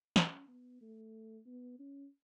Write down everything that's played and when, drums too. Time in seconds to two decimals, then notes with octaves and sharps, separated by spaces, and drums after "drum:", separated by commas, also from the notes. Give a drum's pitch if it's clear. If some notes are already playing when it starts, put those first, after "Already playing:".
0.16 C#4, drum: snare
0.48 B3
0.81 A3
1.46 B3
1.79 C#4